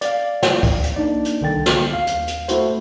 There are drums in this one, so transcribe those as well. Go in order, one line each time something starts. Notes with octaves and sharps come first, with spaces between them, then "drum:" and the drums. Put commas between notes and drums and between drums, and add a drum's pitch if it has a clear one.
D5 F5, drum: hi-hat
drum: snare
drum: kick, open hi-hat
drum: hi-hat
A#3 D4 D#4 D5
drum: hi-hat
C2 D3 D#3 G5 A6
drum: snare
D#2 F5
drum: hi-hat
drum: hi-hat
A3 E4 F#4 C5, drum: hi-hat